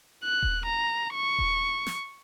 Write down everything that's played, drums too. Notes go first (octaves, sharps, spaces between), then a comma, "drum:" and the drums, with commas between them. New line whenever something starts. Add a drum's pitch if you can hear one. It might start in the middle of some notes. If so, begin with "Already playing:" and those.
F#6
drum: kick D#1
A#5
C#6
drum: kick D#1
drum: snare